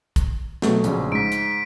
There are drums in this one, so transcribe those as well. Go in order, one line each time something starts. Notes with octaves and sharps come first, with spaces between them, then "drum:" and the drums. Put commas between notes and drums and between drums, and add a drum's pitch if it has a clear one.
drum: kick, hi-hat
B2 F#3 A3, drum: snare
A#1 C#3, drum: hi-hat
G#2 B6 D7
drum: hi-hat